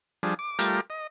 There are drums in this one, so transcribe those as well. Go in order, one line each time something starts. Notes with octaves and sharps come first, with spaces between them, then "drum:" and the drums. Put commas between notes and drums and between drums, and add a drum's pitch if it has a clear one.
F3 G3 D4 G#4
D6
G3 A3 F4 G4 A#4, drum: hi-hat
D#5